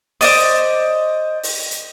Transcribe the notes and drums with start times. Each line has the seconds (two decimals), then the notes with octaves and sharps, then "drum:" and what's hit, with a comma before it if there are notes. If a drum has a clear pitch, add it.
0.21 C5 D5 D#5, drum: open hi-hat
1.43 drum: open hi-hat
1.71 drum: hi-hat